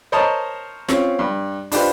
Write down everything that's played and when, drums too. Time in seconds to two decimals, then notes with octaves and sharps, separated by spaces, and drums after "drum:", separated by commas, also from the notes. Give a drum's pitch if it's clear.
0.12 A#4 C5 C#5 D#5 A5 A#5
0.88 C4 C#4 F4, drum: snare
1.19 G2
1.72 D4 F4 G4 B4 C5, drum: open hi-hat